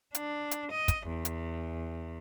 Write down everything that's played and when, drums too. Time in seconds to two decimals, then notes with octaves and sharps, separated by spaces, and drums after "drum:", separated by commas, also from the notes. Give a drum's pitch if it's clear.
0.15 D4, drum: hi-hat
0.51 drum: hi-hat
0.71 D#5
0.88 drum: kick, hi-hat
1.07 E2
1.25 drum: hi-hat